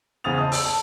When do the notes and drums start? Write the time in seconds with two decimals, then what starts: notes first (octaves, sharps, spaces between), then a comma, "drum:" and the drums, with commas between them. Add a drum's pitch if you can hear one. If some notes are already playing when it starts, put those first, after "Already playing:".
0.24 E2 C#3 C5 D#6 A6 F7
0.38 C5 D#5 A5 D#6
0.52 E6, drum: open hi-hat
0.66 A5